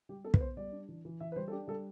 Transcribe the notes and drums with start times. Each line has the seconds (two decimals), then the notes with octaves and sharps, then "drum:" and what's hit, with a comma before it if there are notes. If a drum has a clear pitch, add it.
0.09 G3 G4
0.25 B3 A4
0.34 B4, drum: kick
0.40 B3 C5
0.57 G3 D5
0.72 D4
0.88 E3
1.05 E3
1.20 E3 E5
1.32 B4
1.36 G3 C5
1.48 A4
1.52 D4 G4
1.68 G3 A4